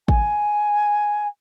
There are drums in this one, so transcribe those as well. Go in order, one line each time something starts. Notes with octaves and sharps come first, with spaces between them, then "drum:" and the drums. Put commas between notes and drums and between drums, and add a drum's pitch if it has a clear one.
G#5, drum: kick G#1